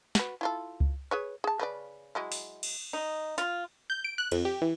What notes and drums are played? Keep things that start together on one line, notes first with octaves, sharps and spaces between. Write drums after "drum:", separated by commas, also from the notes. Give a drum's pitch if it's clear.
F#4 B4, drum: snare
E4 F4 A4
drum: kick C#2
G#4 B4 C#5
G#4 A5
C#3 B4 D5
F#3 G#3 E4
drum: open hi-hat
drum: cymbal
D#4
F4, drum: hi-hat
G6
D7
F#6
F2, drum: cymbal
G4
E3